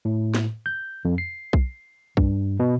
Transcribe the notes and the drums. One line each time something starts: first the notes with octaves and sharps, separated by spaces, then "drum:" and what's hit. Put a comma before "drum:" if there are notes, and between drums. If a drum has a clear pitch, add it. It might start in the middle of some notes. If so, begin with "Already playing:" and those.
A2
drum: snare
G6
F2
C7
drum: kick B1
G2, drum: kick B1
B2